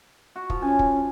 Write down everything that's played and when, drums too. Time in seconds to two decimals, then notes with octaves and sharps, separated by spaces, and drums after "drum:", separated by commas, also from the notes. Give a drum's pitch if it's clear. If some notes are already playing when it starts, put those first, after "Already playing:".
0.36 F#4
0.50 F3, drum: kick
0.62 C#4 G#5
0.79 drum: kick